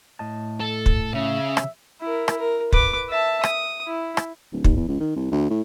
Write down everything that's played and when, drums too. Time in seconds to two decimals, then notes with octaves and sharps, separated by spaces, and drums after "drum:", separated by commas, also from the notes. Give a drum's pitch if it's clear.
0.19 A2 D#5 A5
0.60 A4
0.86 drum: kick
1.14 C#3 E5
1.57 drum: rim click
2.01 E4 A#4
2.28 drum: rim click
2.38 A#4
2.73 B4 D6, drum: kick
3.09 E5 A5
3.44 D#6, drum: rim click
3.87 E4
4.17 drum: rim click
4.52 D1
4.64 D#2, drum: kick
4.76 E2
4.88 C#2
5.00 D#3
5.16 C2
5.31 D2
5.50 A2